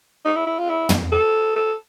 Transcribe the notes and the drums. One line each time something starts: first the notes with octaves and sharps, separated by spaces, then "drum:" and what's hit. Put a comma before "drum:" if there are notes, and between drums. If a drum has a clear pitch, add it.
D#4
E4
E4
F4
E4
drum: tom
A4
A4